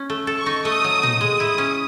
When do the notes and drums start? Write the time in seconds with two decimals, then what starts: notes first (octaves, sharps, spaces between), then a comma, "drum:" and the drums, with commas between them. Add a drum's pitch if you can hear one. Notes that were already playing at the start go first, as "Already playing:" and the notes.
Already playing: C#4
0.10 A3
0.27 A4
0.37 C#6
0.46 D#4
0.65 A3 D#6
0.84 F#3
1.03 D#4, drum: tom
1.21 G#3 D#6
1.40 E4
1.58 C#4